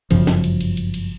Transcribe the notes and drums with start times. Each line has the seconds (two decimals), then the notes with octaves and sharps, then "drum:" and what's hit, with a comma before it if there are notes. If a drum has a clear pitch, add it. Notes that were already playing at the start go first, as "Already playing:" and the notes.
0.11 G1 F#2 C#3 F3, drum: cymbal
0.27 drum: snare
0.44 drum: cymbal
0.61 drum: cymbal
0.77 drum: cymbal
0.94 drum: cymbal